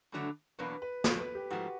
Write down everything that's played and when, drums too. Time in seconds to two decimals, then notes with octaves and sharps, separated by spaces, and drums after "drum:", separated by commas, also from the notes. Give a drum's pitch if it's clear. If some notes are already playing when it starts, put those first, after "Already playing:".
0.12 G2 D3 F#3 A3
0.59 E2 B2 F#3 A#3 D4 B4
0.82 B4
1.04 A#2 F3 A3 A4, drum: snare
1.20 B4
1.35 G4
1.50 G#2 F3 A3 F#4